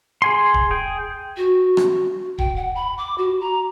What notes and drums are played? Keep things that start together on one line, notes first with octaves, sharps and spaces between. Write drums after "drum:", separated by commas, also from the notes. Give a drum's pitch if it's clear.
G#4 G#5 C6
drum: kick D#1
G#4 G5
F#4
drum: rim click
G5, drum: kick D#1
F#5
B5
D6
F#4
A#5